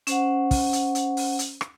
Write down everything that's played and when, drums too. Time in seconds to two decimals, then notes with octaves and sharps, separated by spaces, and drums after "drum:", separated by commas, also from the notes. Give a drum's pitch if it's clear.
0.07 C#4 C5 F#5, drum: hi-hat
0.51 drum: kick, open hi-hat
0.73 drum: hi-hat
0.95 drum: hi-hat
1.17 drum: open hi-hat
1.39 drum: hi-hat
1.61 drum: rim click